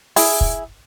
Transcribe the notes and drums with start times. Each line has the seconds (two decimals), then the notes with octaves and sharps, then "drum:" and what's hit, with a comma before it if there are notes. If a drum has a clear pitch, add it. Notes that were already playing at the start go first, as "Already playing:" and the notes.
0.16 E4 G#4, drum: open hi-hat
0.41 drum: kick